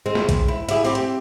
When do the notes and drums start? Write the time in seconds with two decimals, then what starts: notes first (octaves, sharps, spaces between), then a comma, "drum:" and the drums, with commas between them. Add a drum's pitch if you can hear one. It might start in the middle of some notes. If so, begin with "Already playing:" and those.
0.06 G#3 C4
0.15 drum: snare
0.29 drum: kick A#1, hi-hat
0.48 E4
0.69 E4 G4 G#4, drum: hi-hat
0.85 C4 G4, drum: open hi-hat
0.95 drum: hi-hat